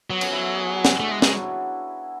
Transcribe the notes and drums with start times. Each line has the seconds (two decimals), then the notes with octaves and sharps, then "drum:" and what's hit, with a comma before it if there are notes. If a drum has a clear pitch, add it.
0.09 F#3 B3
0.21 C#4, drum: cymbal
0.33 E4
0.44 A4
0.55 G#4
0.70 F#4
0.85 E4, drum: snare
1.00 A3 D4
1.11 G#3
1.22 F#3 G#3, drum: snare